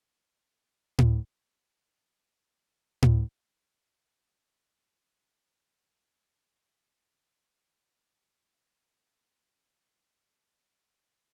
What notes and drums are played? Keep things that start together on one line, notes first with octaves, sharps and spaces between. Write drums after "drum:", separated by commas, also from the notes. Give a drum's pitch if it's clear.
B3 F4 C6 E6
drum: tom A2
A3 E4 G4 B5 D6
drum: tom A2
B3 F4 D5 F5
B3 F4 B4 D5
B4
A4
B4
B3 E4 G4 A4
A3 C4 F4 B4
A4 C5
C5 E5
B3 D4 G4
A3 D4 G4